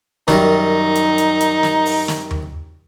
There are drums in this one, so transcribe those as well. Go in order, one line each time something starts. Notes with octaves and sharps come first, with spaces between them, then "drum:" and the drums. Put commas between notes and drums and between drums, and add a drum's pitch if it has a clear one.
F#2 D#3 G3 D#4, drum: snare
drum: hi-hat
drum: hi-hat
drum: hi-hat
drum: snare
drum: open hi-hat
drum: snare
drum: tom D#2